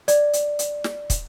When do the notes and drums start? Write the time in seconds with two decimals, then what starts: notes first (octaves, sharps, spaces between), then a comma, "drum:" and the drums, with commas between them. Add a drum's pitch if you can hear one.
0.08 D5, drum: hi-hat
0.33 drum: hi-hat
0.59 drum: hi-hat
0.84 drum: snare
1.10 drum: kick, hi-hat